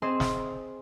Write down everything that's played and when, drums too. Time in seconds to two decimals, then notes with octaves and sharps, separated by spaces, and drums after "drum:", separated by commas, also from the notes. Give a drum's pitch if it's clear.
0.02 C4 G#4 C5 D#5
0.20 drum: snare